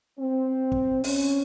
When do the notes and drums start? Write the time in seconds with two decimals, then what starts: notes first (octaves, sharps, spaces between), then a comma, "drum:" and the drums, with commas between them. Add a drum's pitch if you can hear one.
0.19 C4
0.72 drum: kick
1.04 C#4, drum: open hi-hat